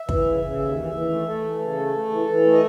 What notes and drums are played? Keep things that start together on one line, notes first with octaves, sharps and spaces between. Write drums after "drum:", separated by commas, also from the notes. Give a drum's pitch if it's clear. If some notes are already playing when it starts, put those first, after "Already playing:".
Already playing: E5
E3, drum: kick
C#3
C#3
D#2
E3
E3
A3
A3 A4
E3
C#3
A3
A3
E3
E3
A3
D#5